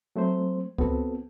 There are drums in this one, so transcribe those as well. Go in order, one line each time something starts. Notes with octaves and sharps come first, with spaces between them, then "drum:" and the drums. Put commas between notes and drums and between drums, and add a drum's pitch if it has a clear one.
F#3 A3 C4 C5
B3 C4 F#4 A4, drum: kick C#2